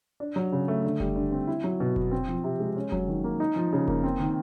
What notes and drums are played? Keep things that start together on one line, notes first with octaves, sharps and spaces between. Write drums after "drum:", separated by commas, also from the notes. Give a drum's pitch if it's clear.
D4
F#3
C#3
A3
D3
G3, drum: kick F1
D3
C4
E4
F#3
B2
B3, drum: kick F1
C4
F3
C3
G#3
C#4
F#3, drum: kick F1
D#3
A#3
D#4
F3
C#3
A#3, drum: kick F1
C4
D#3